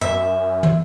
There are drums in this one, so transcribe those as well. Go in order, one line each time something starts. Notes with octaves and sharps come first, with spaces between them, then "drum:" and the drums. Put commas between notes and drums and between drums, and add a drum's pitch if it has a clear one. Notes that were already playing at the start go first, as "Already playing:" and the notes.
F#2 E5
drum: tom